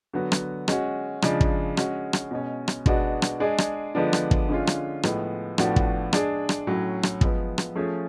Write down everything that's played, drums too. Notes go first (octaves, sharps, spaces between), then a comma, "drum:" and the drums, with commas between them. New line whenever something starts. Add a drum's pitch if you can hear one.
D3 F#3 B3 F#4
drum: rim click
G#3 C#4 F#4, drum: rim click
C#3 F3 G#3 D4, drum: rim click
drum: kick
G#3 C#4 F#4, drum: rim click
drum: rim click
B2 G#3 C#4
drum: rim click
B2 G#3 B3 D4 F#4, drum: kick
drum: rim click
G#3 D4 G#4
drum: rim click
D3 F3 G#3 B3 D4
drum: rim click
drum: kick
D3 G#3 C#4 F4
drum: rim click
A2 F3 G#3 B3, drum: rim click
A2 F3 B3 D4 F#4, drum: rim click
drum: kick
G#3 D4 G#4, drum: rim click
drum: rim click
A2 F#3 C#4
drum: rim click
F3 G#3 B3, drum: kick
drum: rim click
F3 A3 C#4 G#4